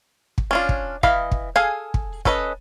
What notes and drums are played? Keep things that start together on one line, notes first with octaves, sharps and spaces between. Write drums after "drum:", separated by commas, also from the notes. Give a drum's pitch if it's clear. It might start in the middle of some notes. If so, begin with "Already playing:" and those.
drum: kick
C#4 D4 F4
drum: kick
E3 D#5 F5 B5, drum: kick
drum: kick
G#4 A4 F5 G#5
drum: kick
C#4 A4 B4 D5 D#5, drum: kick